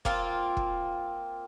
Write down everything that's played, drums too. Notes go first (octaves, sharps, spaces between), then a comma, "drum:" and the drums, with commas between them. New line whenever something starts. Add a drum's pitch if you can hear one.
A#3 C4 F4, drum: kick
drum: kick